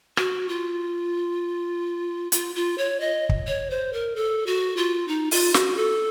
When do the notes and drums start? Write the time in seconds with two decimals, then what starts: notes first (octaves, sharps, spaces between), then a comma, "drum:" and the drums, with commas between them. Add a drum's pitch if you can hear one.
0.17 F#4, drum: rim click
0.49 F4
2.32 F4, drum: hi-hat
2.55 F4
2.78 C#5
3.00 D#5
3.29 drum: kick
3.47 C#5
3.70 C5
3.93 A#4
4.16 A4
4.47 F#4
4.77 F4
5.08 D#4
5.31 F4, drum: open hi-hat
5.54 F#4, drum: snare
5.77 A4